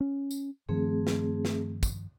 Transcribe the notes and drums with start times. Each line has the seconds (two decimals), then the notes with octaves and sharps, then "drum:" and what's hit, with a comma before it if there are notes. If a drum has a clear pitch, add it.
0.01 C#4
0.31 drum: tambourine
0.69 G2 D#3 F3 A3 C4 G#4
1.07 drum: snare
1.45 drum: snare
1.83 drum: kick, tambourine